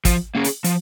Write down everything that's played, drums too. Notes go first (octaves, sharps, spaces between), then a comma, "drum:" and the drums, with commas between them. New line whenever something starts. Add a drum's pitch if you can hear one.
F3, drum: kick, hi-hat
A#3 C#4 G#4
drum: hi-hat
F3, drum: hi-hat